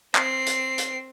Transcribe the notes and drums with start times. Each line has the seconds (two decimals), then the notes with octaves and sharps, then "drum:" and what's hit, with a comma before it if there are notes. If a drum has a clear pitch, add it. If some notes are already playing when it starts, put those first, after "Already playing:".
0.15 C4 C7, drum: clap
0.46 drum: hi-hat
0.78 drum: hi-hat